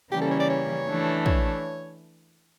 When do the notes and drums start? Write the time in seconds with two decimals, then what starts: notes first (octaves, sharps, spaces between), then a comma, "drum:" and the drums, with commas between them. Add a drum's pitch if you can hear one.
0.11 C#3 E3 G3 A#3 C#4 G4
0.21 A4
0.31 C#5
0.40 D5
0.50 C#5
0.88 E3 A3 D4
1.26 C#5, drum: kick